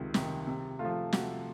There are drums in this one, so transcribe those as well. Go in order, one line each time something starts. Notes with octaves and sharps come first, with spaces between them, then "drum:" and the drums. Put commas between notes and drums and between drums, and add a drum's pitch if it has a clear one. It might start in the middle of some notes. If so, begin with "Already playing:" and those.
Already playing: C#2 C3 D#3
C3 D#3, drum: snare
C3
A3 F4
F3
C3 F#4, drum: snare